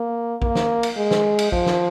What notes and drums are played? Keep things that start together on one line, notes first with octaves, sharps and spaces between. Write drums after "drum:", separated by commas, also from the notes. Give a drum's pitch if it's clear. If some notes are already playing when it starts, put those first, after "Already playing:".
Already playing: A#3
A#3, drum: kick A#1
drum: snare
drum: cymbal
G#3
drum: snare
drum: cymbal
F3, drum: kick A#1
drum: snare